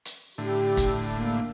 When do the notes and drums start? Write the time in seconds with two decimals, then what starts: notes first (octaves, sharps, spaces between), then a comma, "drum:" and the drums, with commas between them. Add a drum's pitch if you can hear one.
0.05 drum: hi-hat
0.38 A2 D3 G4
0.77 drum: kick, hi-hat
1.13 A#3